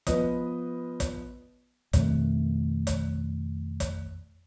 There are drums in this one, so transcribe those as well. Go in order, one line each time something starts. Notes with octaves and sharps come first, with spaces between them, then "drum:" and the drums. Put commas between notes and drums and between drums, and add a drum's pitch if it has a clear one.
F3 B3 B4 D#5 D#6, drum: kick, hi-hat
drum: kick, hi-hat
F2 B2 D#3 A3, drum: kick, hi-hat
drum: kick, hi-hat
drum: kick, hi-hat